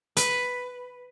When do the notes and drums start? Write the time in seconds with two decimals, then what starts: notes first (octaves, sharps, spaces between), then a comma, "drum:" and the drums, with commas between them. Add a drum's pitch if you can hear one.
0.17 B4, drum: hi-hat